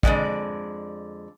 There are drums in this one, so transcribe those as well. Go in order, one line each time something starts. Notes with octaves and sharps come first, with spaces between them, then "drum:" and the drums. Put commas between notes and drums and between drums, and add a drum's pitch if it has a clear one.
F2 D3 G#3 D5, drum: kick